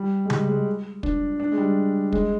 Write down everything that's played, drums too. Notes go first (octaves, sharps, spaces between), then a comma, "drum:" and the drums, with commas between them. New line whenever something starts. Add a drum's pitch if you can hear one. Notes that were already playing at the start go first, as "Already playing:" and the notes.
Already playing: G3
G#3
G3, drum: tom C#3
G#3
D4, drum: kick
D4
G#3
G3
G#3, drum: kick